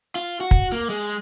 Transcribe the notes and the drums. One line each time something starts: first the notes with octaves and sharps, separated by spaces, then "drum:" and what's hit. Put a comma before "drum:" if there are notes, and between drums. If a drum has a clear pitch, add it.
F4
F#4
drum: kick
A#3
G#3